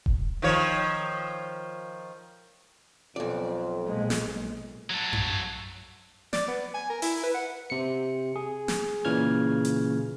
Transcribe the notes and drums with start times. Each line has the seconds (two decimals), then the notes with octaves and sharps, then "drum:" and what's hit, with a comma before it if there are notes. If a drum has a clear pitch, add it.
0.06 drum: kick D#1
0.42 D#3 F3 C#5
3.16 B1 F2 D5
3.87 A#2 G#3
4.10 drum: snare
4.25 A#1
4.90 F#3 A4
5.13 drum: tom F#2
6.33 D5, drum: snare
6.48 B3
6.75 G#5
6.90 A#4
7.02 E4, drum: open hi-hat
7.23 B4
7.34 F#5
7.70 C3 C#7
8.36 G#4
8.68 drum: snare
9.05 A#2 C#3 E3 F6 G#6
9.65 drum: hi-hat